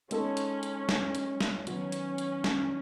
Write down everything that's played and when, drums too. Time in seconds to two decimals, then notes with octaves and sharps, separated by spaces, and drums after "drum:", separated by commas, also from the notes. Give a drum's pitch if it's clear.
0.11 G#3 C#4 D#4 A4, drum: hi-hat
0.37 drum: hi-hat
0.63 drum: hi-hat
0.89 drum: snare
1.15 drum: hi-hat
1.41 drum: snare
1.67 D#3 F#3 B3 C#4, drum: hi-hat
1.92 drum: hi-hat
2.18 drum: hi-hat
2.44 drum: snare